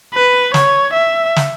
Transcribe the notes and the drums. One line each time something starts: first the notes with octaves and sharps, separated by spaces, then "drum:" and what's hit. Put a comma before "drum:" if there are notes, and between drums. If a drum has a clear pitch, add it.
B4
C#5, drum: snare
E5
drum: snare